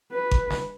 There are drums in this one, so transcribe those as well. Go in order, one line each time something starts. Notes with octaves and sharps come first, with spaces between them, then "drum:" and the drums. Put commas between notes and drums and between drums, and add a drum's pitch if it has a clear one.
B4
drum: kick G#1
drum: snare